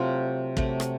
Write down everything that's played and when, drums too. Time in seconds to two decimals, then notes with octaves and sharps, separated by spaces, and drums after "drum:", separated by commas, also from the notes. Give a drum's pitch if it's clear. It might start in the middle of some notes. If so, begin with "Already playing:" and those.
Already playing: C3 F#3 A3 F4
0.57 C3 F#3 A3, drum: kick
0.80 drum: rim click